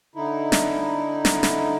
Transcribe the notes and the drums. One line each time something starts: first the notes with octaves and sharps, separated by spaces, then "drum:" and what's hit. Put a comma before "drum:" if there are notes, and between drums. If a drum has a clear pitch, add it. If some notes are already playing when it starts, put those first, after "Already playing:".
D3 D#4 E4
drum: snare
drum: snare
drum: snare